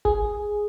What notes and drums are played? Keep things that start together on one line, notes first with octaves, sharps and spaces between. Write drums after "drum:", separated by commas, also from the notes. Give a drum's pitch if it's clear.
G#4, drum: kick G1